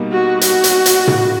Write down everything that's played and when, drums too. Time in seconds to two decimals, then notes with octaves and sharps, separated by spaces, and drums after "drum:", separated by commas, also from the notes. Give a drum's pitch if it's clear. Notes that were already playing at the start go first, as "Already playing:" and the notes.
Already playing: B2 G3 A#3 D#4
0.12 F#4
0.41 F#4, drum: hi-hat
0.64 drum: hi-hat
0.86 drum: hi-hat
1.08 drum: tom